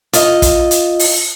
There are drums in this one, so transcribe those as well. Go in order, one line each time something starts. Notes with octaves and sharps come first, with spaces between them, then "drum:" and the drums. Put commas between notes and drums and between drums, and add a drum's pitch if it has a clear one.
F4 D#5, drum: hi-hat
drum: kick, hi-hat
drum: hi-hat
drum: open hi-hat